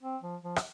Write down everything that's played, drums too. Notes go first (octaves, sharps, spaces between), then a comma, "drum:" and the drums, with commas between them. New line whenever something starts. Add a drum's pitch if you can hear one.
C4
F3
F3
drum: rim click